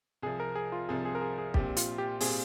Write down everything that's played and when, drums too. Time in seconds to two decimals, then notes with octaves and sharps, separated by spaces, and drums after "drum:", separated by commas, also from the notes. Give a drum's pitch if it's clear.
0.22 C2 C3 F3 G#4
0.40 A#4
0.55 G#4
0.72 F4
0.89 C2 C3 F3 G#4
1.05 G#4
1.15 A#4
1.21 G#4
1.38 G#4
1.54 A#1 A#2 G3 C4 G4, drum: kick
1.77 F4, drum: hi-hat
1.98 G4
2.20 A#2 G3 C4 G#4, drum: open hi-hat